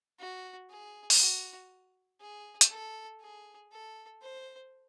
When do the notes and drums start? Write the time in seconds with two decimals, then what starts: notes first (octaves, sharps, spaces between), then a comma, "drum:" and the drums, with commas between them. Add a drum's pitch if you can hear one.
0.19 F#4
0.70 G#4
1.10 drum: open hi-hat
1.19 F#4
2.20 G#4
2.61 drum: hi-hat
2.71 A4
3.21 G#4
3.72 A4
4.22 C5